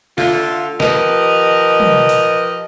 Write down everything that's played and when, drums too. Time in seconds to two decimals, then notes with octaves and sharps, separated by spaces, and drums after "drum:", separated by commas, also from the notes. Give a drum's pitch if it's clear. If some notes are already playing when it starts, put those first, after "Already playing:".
0.18 D3 A3 F4, drum: snare
0.80 F3 G4 A#4 B4 D#5, drum: snare
1.80 drum: tom
2.09 drum: open hi-hat